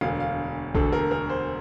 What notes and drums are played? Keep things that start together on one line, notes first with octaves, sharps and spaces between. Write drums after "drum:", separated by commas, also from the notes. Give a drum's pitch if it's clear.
E1 D2 D3 F5
F5
E1 D2 D3 A4, drum: kick A#1
A#4
A#4
C5